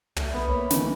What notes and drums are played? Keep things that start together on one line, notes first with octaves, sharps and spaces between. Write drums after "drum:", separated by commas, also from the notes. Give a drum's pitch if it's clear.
F#2 D3 A3, drum: tom
B3 B5
A#3 C#5 E5
D2 D#3 E3, drum: snare